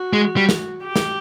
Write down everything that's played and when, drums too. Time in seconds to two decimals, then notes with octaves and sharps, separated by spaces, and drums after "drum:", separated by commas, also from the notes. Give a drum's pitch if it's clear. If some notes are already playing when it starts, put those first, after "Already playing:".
Already playing: F#4
0.13 G#3
0.37 G3
0.49 drum: snare
0.83 G4
0.96 drum: snare